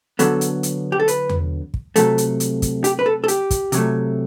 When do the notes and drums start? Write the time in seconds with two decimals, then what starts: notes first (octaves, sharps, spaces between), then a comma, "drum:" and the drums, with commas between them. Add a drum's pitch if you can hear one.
0.19 D3 F#3 B3 A4, drum: hi-hat
0.41 drum: hi-hat
0.63 drum: hi-hat
0.92 G4
1.00 A4
1.08 B4, drum: hi-hat
1.29 drum: tom E2
1.74 drum: kick
1.96 C3 F#3 A3 A4, drum: hi-hat
2.18 drum: hi-hat
2.40 drum: hi-hat
2.62 drum: kick, hi-hat
2.84 G4, drum: hi-hat
2.99 B4
3.06 A4
3.24 A4
3.28 G4, drum: hi-hat
3.51 drum: kick, hi-hat
3.72 C3 F#3 A3, drum: hi-hat